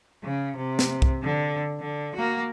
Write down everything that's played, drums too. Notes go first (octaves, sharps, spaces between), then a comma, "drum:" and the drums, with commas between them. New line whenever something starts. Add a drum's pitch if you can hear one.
C#3
C3
drum: snare
drum: kick
D3
D3
A#3 F#4